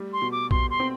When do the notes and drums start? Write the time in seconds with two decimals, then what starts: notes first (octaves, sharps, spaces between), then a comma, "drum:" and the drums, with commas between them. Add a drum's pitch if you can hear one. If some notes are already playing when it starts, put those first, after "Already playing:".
Already playing: G3 A3
0.13 C6
0.22 B2
0.32 D6
0.51 B2 C6, drum: kick A#1
0.70 C6
0.80 C4